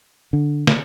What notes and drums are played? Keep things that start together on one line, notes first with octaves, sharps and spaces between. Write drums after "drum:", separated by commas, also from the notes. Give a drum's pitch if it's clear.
D3
drum: snare